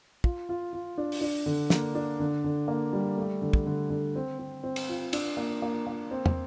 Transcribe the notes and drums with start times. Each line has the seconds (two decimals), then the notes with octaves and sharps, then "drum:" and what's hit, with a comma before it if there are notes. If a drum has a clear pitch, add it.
0.24 F4, drum: kick
0.49 F4
0.73 F4
0.98 D4
1.12 drum: open hi-hat
1.21 D4
1.46 D3
1.70 A#3, drum: snare
1.95 D4
2.20 D3
2.44 D3
2.68 A#3
2.93 G3
3.18 A3
3.42 D3
3.53 drum: kick
3.66 D3
3.90 D3
4.16 C4
4.39 C4
4.63 C4
4.76 drum: cymbal
4.89 F4
5.13 D4, drum: cymbal
5.37 A#3
5.62 A#3
5.87 A#3
6.11 C4
6.26 drum: tom